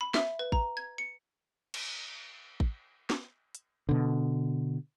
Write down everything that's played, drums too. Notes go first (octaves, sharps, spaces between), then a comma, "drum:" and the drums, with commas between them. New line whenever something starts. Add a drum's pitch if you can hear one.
B5
E5, drum: snare
B4
A#5, drum: kick
G#6
C#7
drum: cymbal
drum: kick
drum: snare
drum: hi-hat
B2 D3